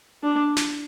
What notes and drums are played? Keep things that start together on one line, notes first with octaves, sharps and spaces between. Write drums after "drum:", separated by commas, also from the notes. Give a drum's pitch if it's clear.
D4
drum: snare